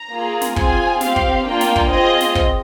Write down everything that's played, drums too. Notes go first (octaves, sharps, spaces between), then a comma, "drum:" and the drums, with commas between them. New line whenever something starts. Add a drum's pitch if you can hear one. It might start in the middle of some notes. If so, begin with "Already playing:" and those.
Already playing: A#5
A#3 F4 G#4
drum: snare
C4 F4 G#4 G#5, drum: kick
C4 G4 F5, drum: snare
drum: kick
A#3 D4 F4 G5
drum: snare
drum: kick
C4 F4 G#4 D#5
drum: snare
drum: kick